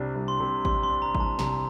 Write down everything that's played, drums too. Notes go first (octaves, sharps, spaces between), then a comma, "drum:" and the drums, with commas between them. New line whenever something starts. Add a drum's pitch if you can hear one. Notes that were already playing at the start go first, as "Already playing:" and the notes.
Already playing: C2 C3 G3 D4
C2
C6
C3
G3 C6, drum: kick G#1
C6
D4
A#5
C2, drum: kick G#1
A5
C3 A#5, drum: snare